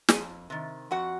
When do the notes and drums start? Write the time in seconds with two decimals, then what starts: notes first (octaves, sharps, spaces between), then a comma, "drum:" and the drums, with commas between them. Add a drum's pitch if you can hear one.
0.09 F2 G#4 G#5, drum: snare
0.50 C3 D#3
0.91 F2 F#4 F#5